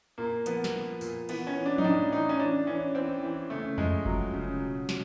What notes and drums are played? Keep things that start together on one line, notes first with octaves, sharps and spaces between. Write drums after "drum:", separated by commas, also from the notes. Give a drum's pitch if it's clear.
A#2 A#3
F3 B3, drum: hi-hat
drum: snare
F3
A#2, drum: open hi-hat
E3 B3, drum: cymbal
C#4
E3
D4
D#4, drum: tom F3
A2 D4
E3 D#4
C#4
E3 D4
E3 C#4
E3 C4
E3
C#3 A3
F3 G#3, drum: tom E2
F3 F#3, drum: kick F1
C#3
B2
B2, drum: snare